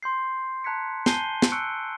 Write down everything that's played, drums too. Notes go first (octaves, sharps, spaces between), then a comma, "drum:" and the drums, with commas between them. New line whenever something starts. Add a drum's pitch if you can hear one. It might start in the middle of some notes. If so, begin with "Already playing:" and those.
C6 G6 C7
A5 A#5 F#6 G#6 B6 C#7
G#5 A5 G6 C7 D#7 G7, drum: snare
drum: snare
C#6 E6 F#6 C#7 D7